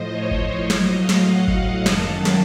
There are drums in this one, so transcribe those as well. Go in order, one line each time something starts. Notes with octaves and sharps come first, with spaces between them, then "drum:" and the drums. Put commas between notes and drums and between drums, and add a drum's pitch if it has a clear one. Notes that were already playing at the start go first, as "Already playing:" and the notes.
Already playing: A2 F3 C5 D#5
C#5
drum: kick G1
A2 F#3 D#5, drum: snare
F5
drum: snare
F#5
drum: kick G1
F#2 D#3 F#3 A5, drum: snare
drum: snare